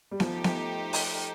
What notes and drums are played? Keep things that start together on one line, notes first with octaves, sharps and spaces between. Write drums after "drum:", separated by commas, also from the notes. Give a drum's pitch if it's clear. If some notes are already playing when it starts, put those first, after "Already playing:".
G3
F3 A3 D#4 G4 C5, drum: snare B3
drum: snare B3
drum: open hi-hat